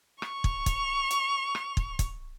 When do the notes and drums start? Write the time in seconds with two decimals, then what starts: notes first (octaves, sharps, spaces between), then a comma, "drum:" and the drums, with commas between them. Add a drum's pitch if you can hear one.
0.22 C#6 F7, drum: rim click
0.44 drum: kick
0.66 drum: kick, hi-hat
1.10 drum: hi-hat
1.55 drum: rim click
1.77 drum: kick
1.99 drum: kick, hi-hat